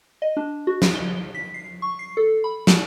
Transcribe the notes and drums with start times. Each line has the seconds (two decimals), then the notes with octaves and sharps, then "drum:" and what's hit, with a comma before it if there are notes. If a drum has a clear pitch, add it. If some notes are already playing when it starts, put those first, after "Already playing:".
0.22 D#5
0.37 D4
0.67 F#4
0.82 drum: snare
0.95 G7
1.35 B6
1.54 C7
1.82 C#6
1.99 C7
2.17 A4
2.44 B5
2.67 drum: snare